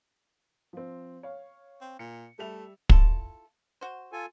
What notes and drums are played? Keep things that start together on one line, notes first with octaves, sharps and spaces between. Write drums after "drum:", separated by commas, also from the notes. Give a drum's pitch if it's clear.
F3 C4
C#5 F5
C4
A#2 C#7
G3 A3 E5 F7
E4 F4 A4, drum: kick
F#4 C5
F4 A4 G#5